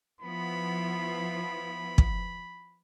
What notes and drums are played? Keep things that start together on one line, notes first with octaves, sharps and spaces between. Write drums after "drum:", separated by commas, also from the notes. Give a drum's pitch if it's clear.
F3 B3 E4 B5
drum: kick